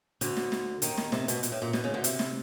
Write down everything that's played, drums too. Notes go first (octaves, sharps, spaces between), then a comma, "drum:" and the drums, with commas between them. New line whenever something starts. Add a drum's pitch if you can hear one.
D2 D3, drum: hi-hat
drum: snare
drum: snare
D#2 D#3, drum: hi-hat
drum: snare
C3, drum: snare
B2, drum: hi-hat
A#2, drum: hi-hat
A2
A#2
B2, drum: snare
C#3
D2 D3
C3, drum: hi-hat
drum: snare